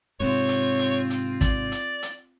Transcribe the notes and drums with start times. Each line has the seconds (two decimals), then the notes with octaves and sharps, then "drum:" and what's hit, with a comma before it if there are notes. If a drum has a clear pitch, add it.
0.20 G#2 C3 C4 F4 C#5
0.48 drum: hi-hat
0.79 drum: hi-hat
1.10 drum: hi-hat
1.41 D5, drum: kick, hi-hat
1.72 drum: hi-hat
2.02 drum: hi-hat